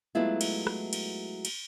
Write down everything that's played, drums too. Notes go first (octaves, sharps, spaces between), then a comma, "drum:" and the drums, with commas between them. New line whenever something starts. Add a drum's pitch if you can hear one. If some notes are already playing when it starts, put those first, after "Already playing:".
F#3 G#3 A3 B3 E4 F4
drum: cymbal
drum: rim click
drum: cymbal
drum: cymbal